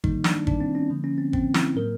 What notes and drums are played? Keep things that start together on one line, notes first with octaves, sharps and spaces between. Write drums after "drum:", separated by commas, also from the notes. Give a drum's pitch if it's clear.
D#3 G3 A#3 D#4, drum: kick
D4, drum: snare
D4, drum: kick
C4
C#4
D3 F3 A#3
C#4
C4
C4, drum: kick
E4, drum: snare
A2 F#3 A#3 A#4